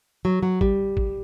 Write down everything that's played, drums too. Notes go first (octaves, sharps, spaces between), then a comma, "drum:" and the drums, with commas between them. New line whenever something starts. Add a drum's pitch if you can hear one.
F#3
F#3
G3, drum: kick
drum: kick